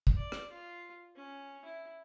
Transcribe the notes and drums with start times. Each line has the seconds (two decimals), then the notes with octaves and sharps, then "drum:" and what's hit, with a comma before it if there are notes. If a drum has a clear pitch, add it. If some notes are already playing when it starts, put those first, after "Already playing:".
0.07 drum: kick
0.16 D5
0.32 drum: rim click
0.52 F4
1.16 C#4
1.65 E4